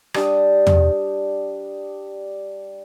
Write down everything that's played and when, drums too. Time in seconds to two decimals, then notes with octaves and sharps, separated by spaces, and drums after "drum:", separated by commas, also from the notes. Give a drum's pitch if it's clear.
0.14 G3 D4 D#6, drum: rim click
0.67 drum: tom